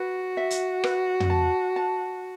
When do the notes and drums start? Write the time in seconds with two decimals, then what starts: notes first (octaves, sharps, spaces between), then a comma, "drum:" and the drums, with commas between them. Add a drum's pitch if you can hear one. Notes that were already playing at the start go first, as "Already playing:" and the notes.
Already playing: F#4 B4
0.37 E5
0.50 drum: hi-hat
0.84 B4, drum: rim click
1.20 drum: tom
1.30 A5
1.76 A5